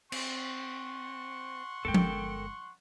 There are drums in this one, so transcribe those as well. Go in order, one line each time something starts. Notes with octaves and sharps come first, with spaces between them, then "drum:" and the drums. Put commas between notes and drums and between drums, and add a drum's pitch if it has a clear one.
C4 F#5 C6 C#6, drum: cymbal
G1 G#3 A4 A#4 G5
drum: tom F3